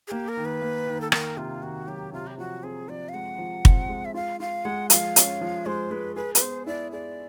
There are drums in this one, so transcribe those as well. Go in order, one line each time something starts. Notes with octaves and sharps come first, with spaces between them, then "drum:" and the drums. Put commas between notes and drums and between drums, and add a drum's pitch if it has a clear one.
G#4
A#3 G4
A#4
D#3
B4
A#3
D#3
A4
D#3 A#4, drum: rim click
C3 F4
D#3 F#4
F#3 G4
C3 F4
G4
F3 F#4
C4 G#4
F3 D5
F5
G#3 F#5
F3
C4, drum: kick
G#3
E5
F4 F5
F4 F5
G#3 F#5
F3 F5, drum: hi-hat
C#4, drum: hi-hat
F3
G#3 C5
G#3 B4
G#4 B4
B4, drum: hi-hat
B3 C5
E4 D5
G#4 D5